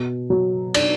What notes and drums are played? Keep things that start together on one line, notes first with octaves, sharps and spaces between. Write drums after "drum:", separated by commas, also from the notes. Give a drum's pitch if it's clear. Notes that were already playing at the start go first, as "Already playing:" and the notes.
Already playing: B2
F#3
D4, drum: cymbal